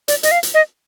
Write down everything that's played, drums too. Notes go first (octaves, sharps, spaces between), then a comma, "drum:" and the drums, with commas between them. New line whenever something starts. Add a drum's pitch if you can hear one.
D5, drum: hi-hat
D#5, drum: hi-hat
F5
drum: hi-hat
D#5